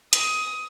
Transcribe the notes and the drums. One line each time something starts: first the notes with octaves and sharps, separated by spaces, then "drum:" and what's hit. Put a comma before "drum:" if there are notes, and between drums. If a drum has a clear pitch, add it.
D#6, drum: hi-hat